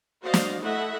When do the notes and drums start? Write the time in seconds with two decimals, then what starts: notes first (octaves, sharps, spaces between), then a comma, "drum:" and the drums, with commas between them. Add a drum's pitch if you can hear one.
0.23 F#4 C5 D5 D#5 F5
0.34 drum: snare
0.61 A3 E4 A4 D#5 E5 F#5